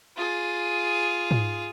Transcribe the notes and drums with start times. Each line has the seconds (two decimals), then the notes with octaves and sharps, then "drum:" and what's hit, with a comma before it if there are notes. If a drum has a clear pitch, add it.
0.17 F4 G#4
1.31 drum: tom G#2